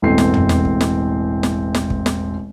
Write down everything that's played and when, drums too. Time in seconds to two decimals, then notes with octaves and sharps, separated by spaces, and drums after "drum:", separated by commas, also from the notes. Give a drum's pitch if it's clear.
0.02 E1 A1 B3 C4 A4 C7
0.18 drum: snare
0.34 drum: tom
0.49 drum: snare
0.65 drum: kick
0.81 drum: snare
1.43 drum: snare
1.74 drum: snare
1.90 drum: kick
2.06 drum: snare